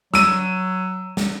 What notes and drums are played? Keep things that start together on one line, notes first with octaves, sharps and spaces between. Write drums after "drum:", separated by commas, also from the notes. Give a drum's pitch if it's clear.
F#3 E6 D#7, drum: snare
drum: snare